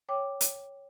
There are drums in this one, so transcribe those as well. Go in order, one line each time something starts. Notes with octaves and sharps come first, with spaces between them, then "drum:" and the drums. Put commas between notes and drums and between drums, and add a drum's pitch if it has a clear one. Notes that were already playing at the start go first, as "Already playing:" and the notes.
C#5 G5 D6
drum: hi-hat